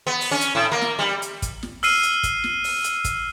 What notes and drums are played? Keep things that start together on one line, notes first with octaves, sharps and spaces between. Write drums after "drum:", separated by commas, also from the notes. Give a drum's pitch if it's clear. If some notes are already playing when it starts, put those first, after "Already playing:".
B3
drum: open hi-hat
C#4
drum: hi-hat
A2
A#3
drum: snare
G3
drum: hi-hat
drum: kick, hi-hat
drum: snare
E6 F6 C7 D#7, drum: open hi-hat
drum: hi-hat
drum: kick, hi-hat
drum: snare
drum: open hi-hat
drum: hi-hat
drum: kick, hi-hat